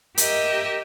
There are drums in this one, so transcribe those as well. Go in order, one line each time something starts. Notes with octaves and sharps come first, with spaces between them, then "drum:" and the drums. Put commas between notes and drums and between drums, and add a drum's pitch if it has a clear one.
G4 A#4 D#5 E5, drum: hi-hat